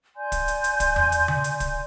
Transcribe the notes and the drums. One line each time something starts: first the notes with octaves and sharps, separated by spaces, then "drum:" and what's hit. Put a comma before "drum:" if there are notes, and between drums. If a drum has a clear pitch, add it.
D5 G#5 C6 G6
drum: kick D1, hi-hat
drum: hi-hat
drum: hi-hat
drum: kick D1, hi-hat
drum: tom E2
drum: hi-hat
drum: tom C#3
drum: hi-hat
drum: kick D1, hi-hat